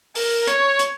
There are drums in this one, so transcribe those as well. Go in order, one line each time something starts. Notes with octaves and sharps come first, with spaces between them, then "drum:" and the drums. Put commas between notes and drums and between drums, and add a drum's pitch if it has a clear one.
A#4, drum: open hi-hat
C#5, drum: hi-hat
drum: hi-hat